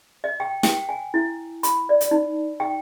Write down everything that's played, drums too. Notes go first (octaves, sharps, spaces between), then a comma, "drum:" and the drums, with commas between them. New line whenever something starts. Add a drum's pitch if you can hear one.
D#5
G5
G5, drum: snare
G#5
E4
B5, drum: hi-hat
D5
drum: hi-hat
D#4
G5